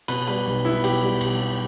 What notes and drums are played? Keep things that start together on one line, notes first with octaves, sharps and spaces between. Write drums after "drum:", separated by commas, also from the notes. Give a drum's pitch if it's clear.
B2 B4, drum: cymbal
G3 B4
B1
B3 E4
B2 G4, drum: cymbal
G3
B1, drum: cymbal
B3